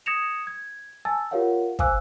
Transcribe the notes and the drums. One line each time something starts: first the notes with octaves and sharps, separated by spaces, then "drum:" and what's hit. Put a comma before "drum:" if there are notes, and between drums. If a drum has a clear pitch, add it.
D#6 G#6 A#6 C#7 E7 F7
G#6
G#5 A5 E6 A6
F4 G4 A#4 C#5 F5 F#5
C5 F5 G#5 D6 E6 F#6, drum: kick